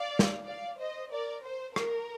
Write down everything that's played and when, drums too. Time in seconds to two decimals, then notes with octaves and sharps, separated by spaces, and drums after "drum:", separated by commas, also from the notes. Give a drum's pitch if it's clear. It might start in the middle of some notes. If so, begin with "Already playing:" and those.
Already playing: D5 F5
0.19 drum: snare
0.47 D5 F5
0.79 C5 D#5
1.11 A#4 D5
1.44 C5
1.76 A#4, drum: rim click